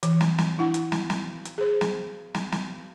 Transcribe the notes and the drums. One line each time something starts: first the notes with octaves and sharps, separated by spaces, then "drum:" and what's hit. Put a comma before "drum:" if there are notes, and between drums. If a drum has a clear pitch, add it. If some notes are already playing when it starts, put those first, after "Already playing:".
E3, drum: hi-hat
drum: snare
drum: snare
D4 E4 F#5
drum: hi-hat
drum: snare
drum: snare
drum: hi-hat
G#4 C5
drum: snare
drum: snare
drum: snare